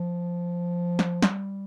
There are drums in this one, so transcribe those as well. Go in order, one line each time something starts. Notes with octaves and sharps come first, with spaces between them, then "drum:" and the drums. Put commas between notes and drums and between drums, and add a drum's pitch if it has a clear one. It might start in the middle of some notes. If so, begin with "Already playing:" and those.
Already playing: F3
drum: snare
G3, drum: snare